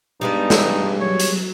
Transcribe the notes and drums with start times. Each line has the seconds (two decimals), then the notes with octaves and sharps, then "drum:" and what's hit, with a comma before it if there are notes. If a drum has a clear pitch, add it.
0.21 G2 G3 G#3 B3 D#4
0.50 drum: snare
1.01 F#3 C#5
1.20 drum: hi-hat